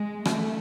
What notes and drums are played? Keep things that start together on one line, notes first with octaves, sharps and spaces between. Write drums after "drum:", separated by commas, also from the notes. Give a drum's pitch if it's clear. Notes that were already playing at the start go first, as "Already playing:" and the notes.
Already playing: G#3
A3, drum: rim click